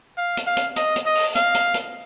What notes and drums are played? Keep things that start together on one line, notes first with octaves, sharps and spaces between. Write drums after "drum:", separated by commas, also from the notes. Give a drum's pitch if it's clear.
F5
drum: hi-hat
F5
drum: hi-hat
D#5, drum: hi-hat
drum: hi-hat
D#5
drum: open hi-hat
F5, drum: hi-hat
drum: hi-hat
drum: hi-hat